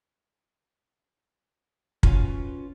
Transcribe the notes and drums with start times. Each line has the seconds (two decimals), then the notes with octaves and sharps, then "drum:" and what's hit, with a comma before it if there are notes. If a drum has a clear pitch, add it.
2.03 C#4 F4 F#4 B4 C#5 F5, drum: kick